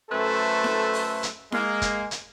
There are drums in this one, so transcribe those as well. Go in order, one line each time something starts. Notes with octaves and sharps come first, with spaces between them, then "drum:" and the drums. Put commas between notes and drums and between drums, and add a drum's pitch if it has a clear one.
F#2 A3 A4 B4 C5 E5
drum: snare E4
drum: open hi-hat
drum: hi-hat
G#3 A#3, drum: snare E4
drum: kick, hi-hat
drum: hi-hat